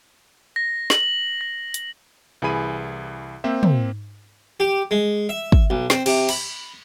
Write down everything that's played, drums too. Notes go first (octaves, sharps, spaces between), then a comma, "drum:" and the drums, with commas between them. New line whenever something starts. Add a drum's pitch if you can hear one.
A#6
F#7, drum: snare
A#6
drum: hi-hat
C2 E3 G#4 B5 D#7
A#3 C4 C5 E5
drum: tom
G4
G#3
E5
drum: kick
B1
C4, drum: snare
C3, drum: cymbal
B5, drum: cymbal